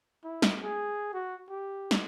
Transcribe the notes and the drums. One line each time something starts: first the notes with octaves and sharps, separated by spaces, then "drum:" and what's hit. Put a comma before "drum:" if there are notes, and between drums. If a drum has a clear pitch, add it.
E4
drum: snare
G#4
F#4
G4
drum: snare